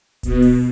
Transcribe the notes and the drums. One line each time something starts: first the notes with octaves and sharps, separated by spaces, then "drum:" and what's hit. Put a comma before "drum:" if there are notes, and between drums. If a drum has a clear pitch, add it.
B2, drum: kick D1, hi-hat
drum: open hi-hat